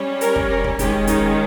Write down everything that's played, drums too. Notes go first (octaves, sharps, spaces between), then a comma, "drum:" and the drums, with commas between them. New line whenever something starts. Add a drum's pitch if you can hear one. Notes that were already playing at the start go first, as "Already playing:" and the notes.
Already playing: G3 C#4
A#4, drum: hi-hat
drum: kick
A#4
drum: kick
D#3 G#3 C#4 G4, drum: kick, hi-hat
D#4, drum: kick, hi-hat